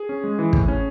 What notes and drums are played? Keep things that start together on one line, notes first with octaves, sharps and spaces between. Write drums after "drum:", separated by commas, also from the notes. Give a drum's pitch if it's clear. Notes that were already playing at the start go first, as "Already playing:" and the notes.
Already playing: G#4
C#4
G#3
E3
A2, drum: kick
C#4